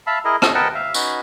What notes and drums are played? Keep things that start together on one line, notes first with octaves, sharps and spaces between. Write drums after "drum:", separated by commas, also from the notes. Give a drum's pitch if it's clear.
E5 F5 A5 B5 E6
E4 G#4 A#4 D#5
A4 D#5, drum: rim click
A#4 B4 D#5 F#5 G5 A5
E5 F5
C#4 D#4 F#4 B4, drum: tambourine